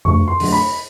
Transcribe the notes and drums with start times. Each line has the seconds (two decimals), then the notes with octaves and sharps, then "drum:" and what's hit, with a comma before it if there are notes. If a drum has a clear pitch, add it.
0.05 D2 C#6, drum: tom F2
0.28 C6
0.40 D3 F#3 A3, drum: open hi-hat
0.52 B5